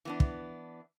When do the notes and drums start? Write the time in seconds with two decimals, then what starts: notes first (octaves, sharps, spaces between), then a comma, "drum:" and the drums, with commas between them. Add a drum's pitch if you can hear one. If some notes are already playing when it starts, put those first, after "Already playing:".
0.05 E3 B3 D4
0.20 drum: kick